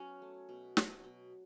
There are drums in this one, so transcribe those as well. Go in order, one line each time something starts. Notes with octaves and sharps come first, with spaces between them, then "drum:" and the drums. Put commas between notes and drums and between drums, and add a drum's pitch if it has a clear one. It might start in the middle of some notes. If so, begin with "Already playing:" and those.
Already playing: F#3 B3 C#4 F#4
A3
B2
F#3, drum: snare
B2